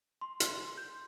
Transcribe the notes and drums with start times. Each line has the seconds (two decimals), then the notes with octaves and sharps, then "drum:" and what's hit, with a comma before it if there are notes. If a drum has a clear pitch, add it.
0.21 C6
0.40 C6, drum: hi-hat
0.77 G6